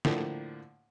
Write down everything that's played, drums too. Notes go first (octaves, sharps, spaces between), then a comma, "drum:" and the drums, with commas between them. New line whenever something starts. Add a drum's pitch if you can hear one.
A2 D3 F3 A#3, drum: snare